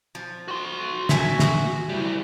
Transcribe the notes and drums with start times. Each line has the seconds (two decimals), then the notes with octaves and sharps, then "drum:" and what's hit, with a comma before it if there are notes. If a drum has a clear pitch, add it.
0.15 F3
0.48 F#4 C6
1.09 E5 G#5, drum: snare
1.39 drum: snare
1.89 G3 E4